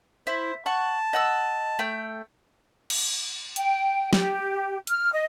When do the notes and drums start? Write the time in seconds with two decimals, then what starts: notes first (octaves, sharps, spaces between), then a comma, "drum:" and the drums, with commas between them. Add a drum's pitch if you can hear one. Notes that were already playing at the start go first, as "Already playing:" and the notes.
0.27 E4 C5
0.66 F#5 A5 C#6
1.13 D#5 F#5 E6
1.79 A3 G5
2.90 drum: cymbal
3.56 G5, drum: hi-hat
4.13 G4, drum: snare
4.87 F6, drum: hi-hat
5.12 D#5